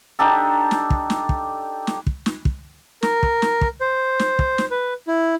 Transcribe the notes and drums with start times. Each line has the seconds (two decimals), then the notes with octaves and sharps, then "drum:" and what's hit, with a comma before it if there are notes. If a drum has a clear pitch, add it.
0.19 D4 D#4 G4 A4
0.71 drum: snare
0.90 drum: kick
1.10 drum: snare
1.29 drum: kick
1.87 drum: snare
2.07 drum: kick
2.26 drum: snare
2.45 drum: kick
3.03 A#4, drum: snare
3.23 drum: kick
3.42 drum: snare
3.61 drum: kick
3.81 C5
4.19 drum: snare
4.39 drum: kick
4.58 drum: snare
4.71 B4
5.07 E4